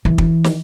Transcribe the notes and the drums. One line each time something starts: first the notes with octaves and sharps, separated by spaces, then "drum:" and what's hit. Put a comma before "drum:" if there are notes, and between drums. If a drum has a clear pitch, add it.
E3
drum: kick
drum: snare